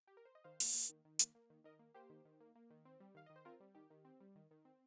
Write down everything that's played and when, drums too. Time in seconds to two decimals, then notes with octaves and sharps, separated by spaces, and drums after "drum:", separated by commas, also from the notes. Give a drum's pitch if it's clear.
0.07 G4
0.17 A#4
0.25 C5
0.35 D#5
0.44 D#3 C5 F5
0.60 A#3, drum: open hi-hat
0.74 A#3
0.89 D#3
1.05 D#3
1.19 A#3, drum: hi-hat
1.35 A#3
1.50 D#3
1.64 D#3 A#4 D#5
1.79 A#3
1.94 A#3 G4 C5
2.10 D#3
2.25 D#3
2.40 A#3
2.55 A#3
2.70 D#3
2.85 C4
3.00 G3
3.15 D#3 F5
3.26 D#3 D#5
3.36 C5
3.45 C4 F4 A#4
3.60 G3
3.75 D#3 G4
3.90 D#3
4.05 C4
4.21 G3
4.36 D#3
4.51 D#3
4.65 C4